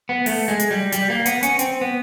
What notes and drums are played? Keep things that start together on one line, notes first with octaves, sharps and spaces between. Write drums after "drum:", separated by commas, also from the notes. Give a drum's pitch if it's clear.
B3
A3, drum: open hi-hat
G#3
drum: hi-hat
G3
G3, drum: hi-hat
A#3
B3, drum: hi-hat
C#4, drum: hi-hat
C4, drum: hi-hat
B3